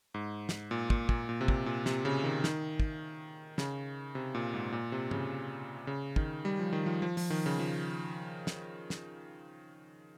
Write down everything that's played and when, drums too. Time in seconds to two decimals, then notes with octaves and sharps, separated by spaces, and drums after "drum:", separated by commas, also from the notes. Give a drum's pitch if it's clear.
0.14 G#2
0.49 drum: snare
0.71 A#2
0.90 A#2, drum: kick
1.09 A#2, drum: kick
1.29 A#2
1.41 C3
1.48 A#2, drum: kick
1.66 A#2
1.86 C3, drum: snare
2.05 C#3
2.24 D#3
2.44 D#3, drum: snare
2.80 drum: kick
3.58 C#3, drum: snare
4.15 C3
4.35 A#2
4.54 G#2
4.72 A#2
4.92 C3
5.11 C#3, drum: tom G#2
5.87 C#3
6.16 D#3, drum: kick
6.45 G3
6.59 F3
6.73 D#3
6.86 F3
7.02 F3
7.17 F3, drum: open hi-hat
7.30 D#3
7.46 C#3
7.59 F3
8.47 drum: snare
8.90 drum: snare